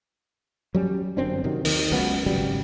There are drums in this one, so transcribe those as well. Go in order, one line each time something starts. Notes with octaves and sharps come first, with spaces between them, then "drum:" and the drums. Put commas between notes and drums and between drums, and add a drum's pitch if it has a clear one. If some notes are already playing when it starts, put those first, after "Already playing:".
F#3 G3 C#4
G1 F#2 C4 D4
C3 D#3 F#3
D#2 D#3, drum: open hi-hat
C#2 C#3 F#3 B3
G#1 C#3 F#3 G3